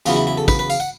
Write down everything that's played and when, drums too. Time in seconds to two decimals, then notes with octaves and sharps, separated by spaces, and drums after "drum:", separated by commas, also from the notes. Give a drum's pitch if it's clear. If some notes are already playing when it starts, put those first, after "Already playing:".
0.06 E2 C#3 F#3 B3 E4 F4, drum: tambourine
0.16 E4
0.27 E4
0.38 A4
0.48 B4, drum: kick, tambourine
0.59 B4
0.70 F5, drum: tambourine
0.80 F#5